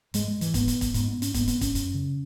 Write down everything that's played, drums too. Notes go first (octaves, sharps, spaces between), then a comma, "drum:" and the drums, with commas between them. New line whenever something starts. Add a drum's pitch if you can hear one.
G#2 G#3, drum: hi-hat
G#3
E3, drum: hi-hat
G#2 B3, drum: kick, hi-hat
drum: hi-hat
drum: kick, hi-hat
G#2 B3, drum: hi-hat
B3
C#4, drum: hi-hat
G#2 B3, drum: kick, hi-hat
B3, drum: hi-hat
C#4, drum: kick, hi-hat
F#2, drum: hi-hat
C#3